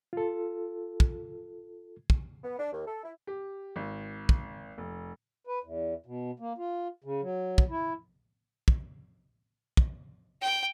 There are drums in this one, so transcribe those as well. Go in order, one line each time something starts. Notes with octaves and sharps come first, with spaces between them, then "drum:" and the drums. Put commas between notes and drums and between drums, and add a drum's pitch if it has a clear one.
F4 A4
drum: kick
drum: kick
B3
D4
D#2
A4
E4
G4
G#1
drum: kick
F1
B4
E2
B2
A#3
F4
C#3
F#3
drum: kick
E4
drum: kick
drum: kick
G5